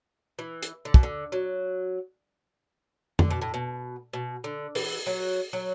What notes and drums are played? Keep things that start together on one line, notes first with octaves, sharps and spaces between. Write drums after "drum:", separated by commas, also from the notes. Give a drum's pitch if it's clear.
E3
drum: hi-hat
D3
B2, drum: kick
D3
F#3
D3, drum: tom F2
B2
A2
B2
B2
D3
E3, drum: open hi-hat
F#3
F#3